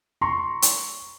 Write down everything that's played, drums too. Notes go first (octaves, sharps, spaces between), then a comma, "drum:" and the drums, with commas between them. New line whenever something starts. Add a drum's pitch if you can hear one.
A#5 C6 C#6
drum: hi-hat